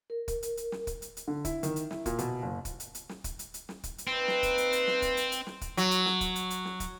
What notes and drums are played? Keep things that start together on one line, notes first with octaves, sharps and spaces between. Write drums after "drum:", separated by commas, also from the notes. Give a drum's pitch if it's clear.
A#4
drum: kick, hi-hat
drum: hi-hat
drum: hi-hat
drum: snare
drum: kick, hi-hat
drum: hi-hat
drum: hi-hat
D3
E4, drum: kick, hi-hat
D#3, drum: hi-hat
drum: hi-hat
E4, drum: snare
A#2, drum: kick, hi-hat
B2, drum: hi-hat
F#1
drum: kick, hi-hat
drum: hi-hat
drum: hi-hat
drum: snare
drum: kick, hi-hat
drum: hi-hat
drum: hi-hat
drum: snare
drum: kick, hi-hat
drum: hi-hat
A#3 C4 D#4 B4
drum: snare
drum: kick, hi-hat
drum: hi-hat
drum: hi-hat
drum: snare
drum: kick, hi-hat
drum: hi-hat
drum: hi-hat
drum: snare
drum: kick, hi-hat
F#3, drum: hi-hat
drum: hi-hat
drum: snare
drum: kick, hi-hat
drum: hi-hat
drum: hi-hat
drum: snare
drum: kick, hi-hat